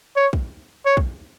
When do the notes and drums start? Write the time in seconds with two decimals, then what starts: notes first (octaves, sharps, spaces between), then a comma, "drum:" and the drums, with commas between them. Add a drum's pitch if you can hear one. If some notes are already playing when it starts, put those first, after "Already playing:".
0.16 C#5
0.33 drum: kick
0.86 C#5
0.97 drum: kick